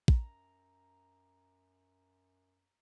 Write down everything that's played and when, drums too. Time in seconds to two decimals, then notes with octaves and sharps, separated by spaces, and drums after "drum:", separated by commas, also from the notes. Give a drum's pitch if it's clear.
0.08 F#2 A#5, drum: kick